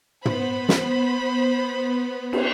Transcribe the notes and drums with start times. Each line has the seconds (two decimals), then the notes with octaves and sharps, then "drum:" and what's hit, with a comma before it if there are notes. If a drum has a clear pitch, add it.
0.25 B3 C5 B5, drum: tom
0.69 drum: snare
2.33 drum: cymbal